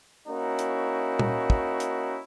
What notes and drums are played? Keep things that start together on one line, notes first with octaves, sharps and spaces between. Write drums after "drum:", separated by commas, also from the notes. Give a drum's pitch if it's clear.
A#3 C#4 D#4 E4 F#4
drum: hi-hat
drum: tom
drum: kick
drum: hi-hat